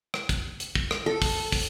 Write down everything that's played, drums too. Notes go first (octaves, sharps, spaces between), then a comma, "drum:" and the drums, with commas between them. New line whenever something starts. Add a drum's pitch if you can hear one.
drum: rim click
drum: kick, hi-hat
drum: hi-hat
drum: kick
drum: rim click
A4
drum: kick, open hi-hat
drum: kick, open hi-hat